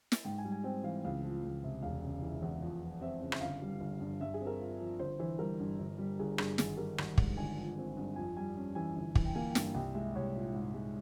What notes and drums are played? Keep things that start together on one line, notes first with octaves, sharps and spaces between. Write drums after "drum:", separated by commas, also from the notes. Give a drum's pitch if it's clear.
drum: snare
G#2 G5
G#5
G3
G#5
C4 G5
E3 F5
C#2 F5
F3
C#2
C3
E1 F5
C#3
E3
E2
F2
F3
C4 E5
C#3
E5, drum: rim click
G1 F5
G3
G1
G2
G2 E5
G#4
C4
A#4
F4
F3
G1 C5
E3 C5
G3 A#4
G2
G1
G3
G1 G#4
G2 G#4, drum: rim click
G#1 G#4, drum: snare
G3 A#4
G#1, drum: rim click
G#2, drum: kick
G1 G#5
F3
C4
G2
F2 G#5
G3 G#5
C#4
E3 G#5
G1
E3, drum: kick
G5
A#3 G#5
G5
G2, drum: snare
G5
C2 G5
G#3 E5
C2 C#5
A#2
G#2
G#3